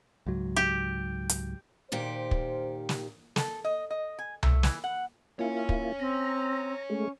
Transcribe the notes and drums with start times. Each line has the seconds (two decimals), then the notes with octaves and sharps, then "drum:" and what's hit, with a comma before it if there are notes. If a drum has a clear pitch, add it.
0.26 C#2 G#2 F#3
0.56 G4
1.29 drum: hi-hat
1.92 A#2 D#3 G4 C5
2.31 drum: kick
2.89 drum: snare
3.36 A4, drum: snare
3.65 D#5
3.90 D#5
4.19 G#5
4.43 A3, drum: tom C2
4.63 E3, drum: snare
4.84 F#5
5.39 A#3 E4 F4 C#5 G#5
5.69 drum: kick
6.00 C4 A#5
6.90 G#3 A3 C#4